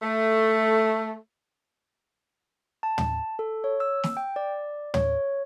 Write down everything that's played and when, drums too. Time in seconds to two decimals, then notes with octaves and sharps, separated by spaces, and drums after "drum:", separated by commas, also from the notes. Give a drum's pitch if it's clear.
0.02 A3
2.83 A5
2.98 drum: tom
3.39 A4
3.64 C#5
3.80 E6
4.04 drum: snare
4.17 G5
4.36 D5
4.94 C#5, drum: tom